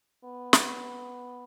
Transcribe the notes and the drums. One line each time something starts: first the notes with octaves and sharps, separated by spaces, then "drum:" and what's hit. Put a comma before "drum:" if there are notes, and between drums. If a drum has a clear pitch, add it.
B3
drum: snare